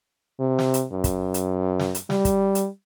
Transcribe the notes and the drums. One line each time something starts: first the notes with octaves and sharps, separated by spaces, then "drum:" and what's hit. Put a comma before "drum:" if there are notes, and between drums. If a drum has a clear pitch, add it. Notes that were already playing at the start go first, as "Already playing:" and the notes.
C3
drum: snare
drum: hi-hat
F#2
drum: kick, hi-hat
drum: hi-hat
drum: snare
drum: hi-hat
G3, drum: snare
drum: kick, hi-hat
drum: hi-hat